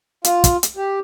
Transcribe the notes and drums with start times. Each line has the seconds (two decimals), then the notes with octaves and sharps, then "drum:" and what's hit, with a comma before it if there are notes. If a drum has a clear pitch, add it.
0.24 F4, drum: hi-hat
0.44 drum: kick, hi-hat
0.63 drum: hi-hat
0.77 G4